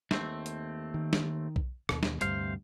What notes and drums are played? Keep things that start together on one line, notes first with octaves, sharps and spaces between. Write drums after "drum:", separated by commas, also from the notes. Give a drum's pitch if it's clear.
D#2 A3 C4, drum: snare
drum: hi-hat
D#3
drum: snare
drum: kick B1
D#2 B2, drum: rim click
drum: snare
D2 G2 C3 G3 C5 F5, drum: hi-hat